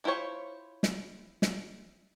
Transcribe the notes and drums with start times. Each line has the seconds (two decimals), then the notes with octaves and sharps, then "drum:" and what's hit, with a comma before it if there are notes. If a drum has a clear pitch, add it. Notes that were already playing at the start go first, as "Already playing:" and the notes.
0.04 B3 E4 F4 C5 C#5
0.83 drum: snare
1.42 drum: snare